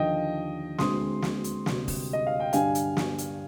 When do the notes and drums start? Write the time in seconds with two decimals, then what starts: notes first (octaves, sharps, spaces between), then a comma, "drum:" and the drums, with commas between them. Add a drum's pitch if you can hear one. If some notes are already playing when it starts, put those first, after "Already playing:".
Already playing: D#2 D3 F3 D#5 G5
0.78 D2 D3 G#3 C4 C6 D#6, drum: snare
1.22 drum: snare
1.44 drum: hi-hat
1.66 D2 C3 G3, drum: snare
1.88 drum: kick E1, open hi-hat
2.13 D#5
2.27 F5
2.40 G5
2.53 G2 D3 G3 D4 F5 G#5, drum: hi-hat
2.75 drum: hi-hat
2.97 drum: snare
3.18 drum: hi-hat